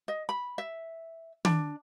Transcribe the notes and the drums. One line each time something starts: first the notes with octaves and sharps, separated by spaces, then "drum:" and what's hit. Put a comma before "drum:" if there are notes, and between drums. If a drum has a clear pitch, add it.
D#5
B5
E5
D4, drum: tom